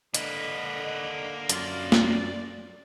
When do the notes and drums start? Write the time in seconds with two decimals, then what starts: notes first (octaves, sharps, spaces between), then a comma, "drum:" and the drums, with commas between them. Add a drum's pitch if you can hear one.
0.14 D3 A#3 B4 D#5, drum: hi-hat
1.49 F#2 F4 D5, drum: hi-hat
1.92 drum: snare